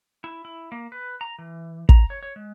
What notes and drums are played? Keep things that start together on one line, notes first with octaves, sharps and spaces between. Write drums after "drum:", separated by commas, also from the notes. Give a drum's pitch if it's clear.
E4
E4
A#3
B4
A#5
E3
A#5, drum: kick
C#5
C#5
G#3